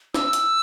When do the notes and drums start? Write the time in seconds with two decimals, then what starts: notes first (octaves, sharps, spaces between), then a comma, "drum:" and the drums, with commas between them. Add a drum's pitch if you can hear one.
0.14 E6, drum: snare
0.33 drum: hi-hat